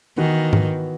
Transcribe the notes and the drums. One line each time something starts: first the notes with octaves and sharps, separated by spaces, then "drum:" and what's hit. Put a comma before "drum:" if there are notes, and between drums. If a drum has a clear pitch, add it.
D#3 E3 B3 F#4
drum: tom G#2